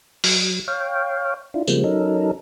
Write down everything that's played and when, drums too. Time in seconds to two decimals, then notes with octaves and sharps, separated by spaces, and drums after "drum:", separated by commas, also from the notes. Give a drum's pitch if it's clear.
0.24 F#3, drum: open hi-hat
0.68 C#5 F5 G5
1.54 D4 E4 F4
1.67 C#3 F3 G3 G#3 A#3 C4, drum: tambourine
1.84 F#3 C#4 D#4 A4 A#4